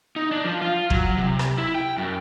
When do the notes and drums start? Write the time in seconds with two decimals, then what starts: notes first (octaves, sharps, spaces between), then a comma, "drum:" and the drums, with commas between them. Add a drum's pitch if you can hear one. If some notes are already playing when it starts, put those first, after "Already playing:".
0.16 D#4
0.32 D4
0.45 F3
0.61 F4
0.90 F#3, drum: kick
1.17 C3
1.39 drum: rim click
1.58 E4
1.75 G5
1.98 F#2